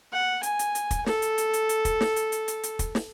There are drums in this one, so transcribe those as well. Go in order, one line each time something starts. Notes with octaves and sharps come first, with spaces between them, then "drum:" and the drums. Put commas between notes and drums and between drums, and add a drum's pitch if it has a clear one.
F#5
G#5, drum: hi-hat
drum: hi-hat
drum: hi-hat
drum: kick, hi-hat
A4, drum: snare
drum: hi-hat
drum: hi-hat
drum: hi-hat
drum: hi-hat
drum: kick, hi-hat
drum: snare
drum: hi-hat
drum: hi-hat
drum: hi-hat
drum: hi-hat
drum: kick, hi-hat
drum: snare